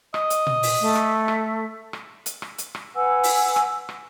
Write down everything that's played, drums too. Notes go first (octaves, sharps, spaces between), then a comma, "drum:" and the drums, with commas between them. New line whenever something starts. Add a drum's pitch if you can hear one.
D#5, drum: rim click
drum: hi-hat
drum: tom A#2
drum: open hi-hat
A3
drum: rim click
drum: rim click
drum: rim click
drum: hi-hat
drum: rim click
drum: hi-hat
drum: rim click
B4 F#5 G#5 E6
drum: open hi-hat
drum: rim click
drum: rim click